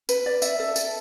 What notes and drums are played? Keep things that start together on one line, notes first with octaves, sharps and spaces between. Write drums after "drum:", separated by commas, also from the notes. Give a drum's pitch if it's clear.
B4, drum: tambourine
D5
E5, drum: tambourine
A4
A4, drum: tambourine